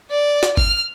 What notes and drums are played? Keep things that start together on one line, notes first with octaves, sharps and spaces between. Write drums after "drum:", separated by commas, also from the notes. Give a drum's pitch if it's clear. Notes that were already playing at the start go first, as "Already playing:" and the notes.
D5
drum: snare
F6, drum: kick G#1